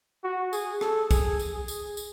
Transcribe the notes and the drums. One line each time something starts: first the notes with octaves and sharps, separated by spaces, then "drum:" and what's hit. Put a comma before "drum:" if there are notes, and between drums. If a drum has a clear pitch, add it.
F#4
G#4, drum: tambourine
A4, drum: rim click
G#4, drum: kick, tambourine
drum: tambourine
G#4
drum: tambourine
drum: tambourine